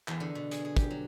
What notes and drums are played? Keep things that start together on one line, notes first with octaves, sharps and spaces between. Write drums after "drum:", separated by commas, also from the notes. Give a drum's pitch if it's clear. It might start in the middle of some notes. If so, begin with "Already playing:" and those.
E2, drum: clap
D3
B2
G#4, drum: hi-hat
G#4
G4, drum: kick, hi-hat
F#3